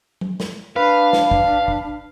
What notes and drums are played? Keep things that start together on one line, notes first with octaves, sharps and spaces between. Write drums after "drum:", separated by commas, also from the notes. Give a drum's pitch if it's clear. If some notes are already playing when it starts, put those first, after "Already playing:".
drum: tom F#3
drum: snare
D4 B4 F5
drum: snare
drum: kick
drum: kick